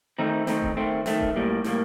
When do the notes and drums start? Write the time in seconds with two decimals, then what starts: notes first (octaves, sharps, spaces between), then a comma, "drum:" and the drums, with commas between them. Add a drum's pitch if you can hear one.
0.18 D#3 A3 C4 D#4
0.47 D#3 A3 C4 D#4, drum: snare
0.62 drum: kick D#1
0.77 D#3 A3 C4
1.06 D#3 A3 C4, drum: snare
1.21 drum: kick D#1
1.36 A2 G3 A#3
1.64 A2 G3 A#3, drum: snare